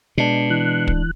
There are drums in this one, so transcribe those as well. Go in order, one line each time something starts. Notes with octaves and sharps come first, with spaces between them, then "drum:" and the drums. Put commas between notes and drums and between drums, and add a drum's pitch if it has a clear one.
B2 G#3 D4
E3 F#6
drum: kick